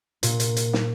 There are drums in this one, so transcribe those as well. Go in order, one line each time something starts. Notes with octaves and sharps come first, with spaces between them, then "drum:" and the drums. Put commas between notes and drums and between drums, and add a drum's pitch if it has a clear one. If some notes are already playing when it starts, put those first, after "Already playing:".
A#2, drum: hi-hat
drum: hi-hat
drum: hi-hat
drum: snare